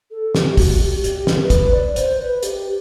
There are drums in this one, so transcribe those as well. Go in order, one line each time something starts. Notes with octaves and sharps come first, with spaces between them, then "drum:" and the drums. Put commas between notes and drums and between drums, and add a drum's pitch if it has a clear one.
A4
G4, drum: snare
G4
F#4, drum: kick, open hi-hat
G4
G4, drum: hi-hat
drum: snare
B4
drum: kick, hi-hat
D5
C5, drum: hi-hat
B4
G4, drum: hi-hat